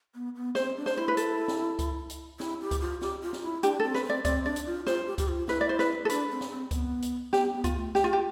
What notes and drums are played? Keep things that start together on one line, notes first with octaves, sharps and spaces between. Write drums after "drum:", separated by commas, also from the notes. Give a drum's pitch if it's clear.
B3
B3
C4 C5, drum: snare
D4
C5, drum: snare
E4 C5
B4
A4, drum: hi-hat
drum: snare
drum: kick C#2, hi-hat
drum: hi-hat
E4, drum: snare
G4
drum: kick C#2, hi-hat
F4
G4, drum: snare
F4
drum: snare
E4
D4 G4, drum: hi-hat
A4
C4
B4, drum: snare
C4 D5
C4 D5, drum: kick C#2, hi-hat
D4 D5
drum: hi-hat
F4
F4 C5, drum: snare
G4
G4, drum: kick C#2, hi-hat
F4
E4 B4, drum: snare
D5
C5
B4, drum: snare
A4
D4 B4, drum: hi-hat
C4
drum: snare
C4
B3, drum: kick C#2, hi-hat
drum: hi-hat
B3 G4, drum: snare
B3
F4, drum: kick C#2, hi-hat
A3
G4, drum: snare
F4
G4